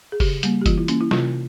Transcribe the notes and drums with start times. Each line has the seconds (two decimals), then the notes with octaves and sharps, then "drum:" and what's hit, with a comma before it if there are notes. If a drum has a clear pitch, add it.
0.12 G#4
0.20 C#3 G4, drum: kick F#1, open hi-hat
0.43 G3 A#3, drum: hi-hat
0.62 G4
0.66 E3 F4, drum: kick F#1, hi-hat
0.78 E4
0.88 A#3 C#4, drum: hi-hat
1.01 E4
1.11 C3 F4, drum: snare